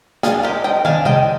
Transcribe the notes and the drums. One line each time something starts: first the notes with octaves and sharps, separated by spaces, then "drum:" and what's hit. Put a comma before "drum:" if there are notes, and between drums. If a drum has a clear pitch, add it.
D4 F4 G#4, drum: snare
G#3 G4 A#4
G#3 D#5 G5
D4 F5 G#5, drum: tom
G#3 D#5 G5, drum: tom C3